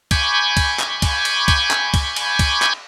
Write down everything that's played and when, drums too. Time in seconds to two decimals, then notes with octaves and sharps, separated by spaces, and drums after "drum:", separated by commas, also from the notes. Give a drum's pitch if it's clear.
0.11 G#5 B5 C#6 D6 G6 G#6, drum: kick, cymbal
0.57 drum: kick, cymbal
0.79 drum: clap
1.02 drum: kick, cymbal
1.25 drum: cymbal
1.48 drum: kick, cymbal
1.71 drum: clap
1.94 drum: kick, cymbal
2.16 drum: cymbal
2.39 drum: kick, cymbal
2.62 drum: clap